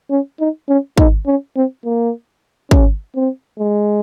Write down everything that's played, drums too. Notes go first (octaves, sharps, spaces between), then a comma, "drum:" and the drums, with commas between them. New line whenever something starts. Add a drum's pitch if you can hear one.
C#4
D#4
C#4
D#4, drum: kick
C#4
C4
A#3
C#4, drum: kick
C4
G#3